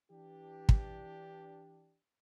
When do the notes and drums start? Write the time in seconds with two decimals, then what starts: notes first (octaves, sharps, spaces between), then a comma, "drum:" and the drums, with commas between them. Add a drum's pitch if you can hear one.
0.11 E3 D4 G4
0.69 drum: kick